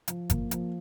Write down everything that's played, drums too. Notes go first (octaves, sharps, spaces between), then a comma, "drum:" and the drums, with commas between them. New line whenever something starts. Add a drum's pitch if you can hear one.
F3, drum: hi-hat
A#3, drum: kick G1, hi-hat
F3, drum: hi-hat